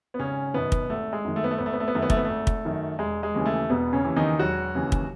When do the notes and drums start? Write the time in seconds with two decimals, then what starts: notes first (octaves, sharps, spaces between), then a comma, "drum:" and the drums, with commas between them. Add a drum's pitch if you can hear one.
0.14 B3
0.19 G#1 C#3 C#4
0.54 F#2 B2 D#3 B3
0.72 drum: kick
0.89 G#1 A3
1.13 G#3
1.24 F#2 D#3
1.36 A3
1.44 B3
1.51 A3
1.58 G#1 B3
1.66 A3
1.73 B3
1.80 A3
1.88 B3
1.95 F#2 D#3 A3
2.02 B3
2.10 A3, drum: kick
2.17 B3
2.25 G#1 A3
2.47 drum: kick
2.65 F#2 D#3
2.99 E1 G#3
3.23 G#3
3.34 D#2 C#3 E3
3.45 A3
3.70 E1 B2 B3
3.93 C#3 C#4
4.04 D#2 C#3 E3
4.16 D#3 D#4
4.39 E1 F#3 F#4
4.75 D#2 C#3 E3
4.92 drum: kick